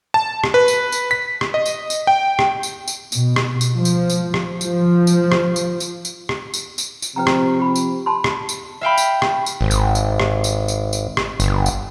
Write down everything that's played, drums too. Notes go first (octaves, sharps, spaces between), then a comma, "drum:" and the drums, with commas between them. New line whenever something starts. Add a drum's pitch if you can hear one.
A5
drum: rim click
B4
drum: tambourine
drum: tambourine
B6
drum: rim click
D#5
drum: tambourine
drum: tambourine
G5
drum: rim click
drum: tambourine
drum: tambourine
B2, drum: tambourine
drum: rim click
drum: tambourine
F3
drum: tambourine
drum: tambourine
drum: rim click
F3, drum: tambourine
drum: tambourine
drum: rim click
drum: tambourine
drum: tambourine
drum: tambourine
drum: rim click
drum: tambourine
drum: tambourine
drum: tambourine
C3 F3 C4 B4 G5 A#5
drum: rim click
G4 B5
drum: tambourine
A5 B5 C6
drum: rim click
drum: tambourine
E5 F5 G5 B5
drum: tambourine
drum: rim click
drum: tambourine
G#1
drum: tambourine
drum: tambourine
drum: rim click
drum: tambourine
drum: tambourine
drum: tambourine
drum: rim click
G1, drum: tambourine
drum: tambourine